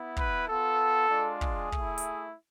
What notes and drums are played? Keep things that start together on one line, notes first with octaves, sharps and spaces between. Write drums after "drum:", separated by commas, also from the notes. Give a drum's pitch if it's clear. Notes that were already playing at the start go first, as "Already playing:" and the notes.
Already playing: B3 E4
B4, drum: kick
B3 F4 A4
G#3 D4 F4
G#4, drum: kick
A3 E4, drum: kick
drum: hi-hat